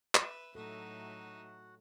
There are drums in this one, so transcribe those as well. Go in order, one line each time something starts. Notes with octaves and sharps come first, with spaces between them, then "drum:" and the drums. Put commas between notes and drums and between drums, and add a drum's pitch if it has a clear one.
B4 E5, drum: clap
A2 F#3 D#4 F#4 A4 E5